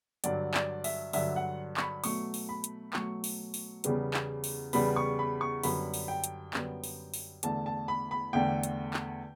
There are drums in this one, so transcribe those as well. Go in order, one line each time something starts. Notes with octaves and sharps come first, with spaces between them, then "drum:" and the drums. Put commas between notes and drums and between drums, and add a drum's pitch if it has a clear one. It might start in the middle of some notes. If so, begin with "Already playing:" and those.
G2 D3 F#3 D5, drum: hi-hat
D5, drum: clap
E5, drum: open hi-hat
G2 D3 F#3 E5, drum: open hi-hat
F#5
C#6, drum: clap
B5
B2 F#3 A3 C#6, drum: open hi-hat
drum: open hi-hat
B5
drum: hi-hat
B2 F#3 A3 C#6, drum: clap
drum: open hi-hat
drum: open hi-hat
E2 C#3 G3 B3, drum: hi-hat
drum: clap
drum: open hi-hat
E2 C#3 G3 B3 B5, drum: open hi-hat
C#6
B5
C#6
F#2 D3 G3 B3 B5, drum: open hi-hat
drum: open hi-hat
G5
drum: hi-hat
F#2 D3 G3 B3, drum: clap
drum: open hi-hat
drum: open hi-hat
E2 D3 A3 A5, drum: hi-hat
A5
B5
B5
E2 D3 A3 G5
drum: hi-hat
drum: clap